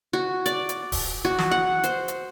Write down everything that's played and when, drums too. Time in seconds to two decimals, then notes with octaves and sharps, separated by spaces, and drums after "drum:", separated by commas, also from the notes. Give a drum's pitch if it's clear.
0.13 F#4
0.46 D5, drum: hi-hat
0.69 drum: hi-hat
0.92 drum: kick D1, open hi-hat
1.25 F#4
1.38 drum: snare
1.51 F#5
1.84 C5, drum: hi-hat
2.08 drum: hi-hat